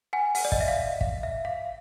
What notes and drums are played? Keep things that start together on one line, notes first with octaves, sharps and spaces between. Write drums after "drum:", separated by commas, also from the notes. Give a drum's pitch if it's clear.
F#5 G#5
F#5, drum: open hi-hat
D5
D#5, drum: kick
E5
F5
F5, drum: kick
E5
F5